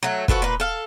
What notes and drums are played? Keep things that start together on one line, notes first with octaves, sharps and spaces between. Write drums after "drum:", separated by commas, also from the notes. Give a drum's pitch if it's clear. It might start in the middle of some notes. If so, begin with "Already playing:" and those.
F#3 A3
F3 F#4 A4 B4, drum: kick
A#2 B4
A4 F5